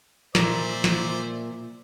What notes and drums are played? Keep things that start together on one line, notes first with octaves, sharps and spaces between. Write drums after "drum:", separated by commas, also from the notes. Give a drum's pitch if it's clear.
A#2 C5 D5 E5, drum: snare
drum: snare